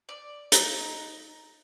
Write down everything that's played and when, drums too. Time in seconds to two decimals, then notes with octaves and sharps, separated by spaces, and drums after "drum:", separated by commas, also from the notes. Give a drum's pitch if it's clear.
0.09 D5
0.52 D#4, drum: hi-hat